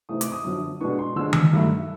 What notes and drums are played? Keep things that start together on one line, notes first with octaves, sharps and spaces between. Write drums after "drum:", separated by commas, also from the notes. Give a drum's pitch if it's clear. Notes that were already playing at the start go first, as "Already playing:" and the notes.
C3 E3 A3 C4 D#4 D#6
D6, drum: hi-hat
D#6
F#2 D3 F3
B2 G#3 B3 D4 C#6
C6
D3 F3 G#3 E6
E6, drum: tom D#3
G2 D#3 F#3 A3